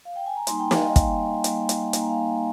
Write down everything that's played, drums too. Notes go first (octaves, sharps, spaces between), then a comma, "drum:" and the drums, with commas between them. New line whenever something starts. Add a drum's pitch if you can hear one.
F5
G5
G#5
A#5
G3 A#3 D#4 G#5 C6, drum: hi-hat
G5 A#5
F5 G#5, drum: snare
D#5 G5
G3 A#3 D#4, drum: kick, hi-hat
G3 A#3 D#4, drum: hi-hat
drum: hi-hat
G3 A#3 D#4 G#5, drum: hi-hat
A#5
F5 G#5